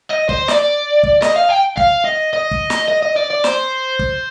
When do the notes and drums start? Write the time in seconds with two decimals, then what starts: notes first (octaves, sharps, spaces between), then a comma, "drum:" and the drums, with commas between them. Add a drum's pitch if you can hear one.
0.11 D#5
0.29 C5, drum: kick
0.48 D5, drum: snare
1.03 drum: kick
1.22 D#5, drum: snare
1.36 F5
1.50 G5
1.77 F5, drum: kick
2.05 D#5
2.33 D#5
2.51 drum: kick
2.70 drum: snare
2.88 D#5
3.02 D#5
3.16 D5
3.30 D5
3.44 C5, drum: snare
3.99 drum: kick